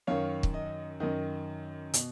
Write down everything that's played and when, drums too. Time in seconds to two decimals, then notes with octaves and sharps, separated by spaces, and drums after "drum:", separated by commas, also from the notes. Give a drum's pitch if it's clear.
0.07 F#2 D#3 C#5 F5
0.43 drum: kick
0.54 D#5
1.00 F#2 D#3 D#5
1.94 B2, drum: hi-hat